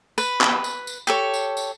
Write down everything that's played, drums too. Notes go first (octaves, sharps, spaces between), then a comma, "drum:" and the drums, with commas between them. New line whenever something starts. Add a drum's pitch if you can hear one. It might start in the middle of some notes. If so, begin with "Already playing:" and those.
B4, drum: tambourine
drum: clap
drum: tambourine
drum: tambourine
G4 A4 C#5
drum: tambourine
drum: tambourine